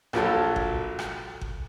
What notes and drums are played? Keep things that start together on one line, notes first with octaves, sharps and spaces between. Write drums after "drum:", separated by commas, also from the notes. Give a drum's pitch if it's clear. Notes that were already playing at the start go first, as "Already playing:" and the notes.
A#1 F3 F#3 A4, drum: rim click
drum: kick G1
drum: rim click
drum: kick G1